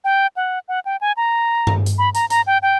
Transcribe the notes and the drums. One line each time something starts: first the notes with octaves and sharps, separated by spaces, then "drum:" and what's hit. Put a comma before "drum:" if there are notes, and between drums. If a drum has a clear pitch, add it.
G5
F#5
F#5
G5
G#5
A#5
drum: tom G2
drum: hi-hat
B5
A#5, drum: hi-hat
A#5, drum: hi-hat
G5
G5